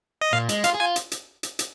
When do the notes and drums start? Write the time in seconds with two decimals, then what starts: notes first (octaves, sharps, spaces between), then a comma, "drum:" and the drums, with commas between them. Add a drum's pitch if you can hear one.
0.21 D#5
0.33 A#2 F5
0.49 G#3, drum: hi-hat
0.64 F4 F5, drum: hi-hat
0.74 G#4
0.80 F4 G#5
0.96 drum: hi-hat
1.12 drum: hi-hat
1.43 drum: hi-hat
1.59 drum: hi-hat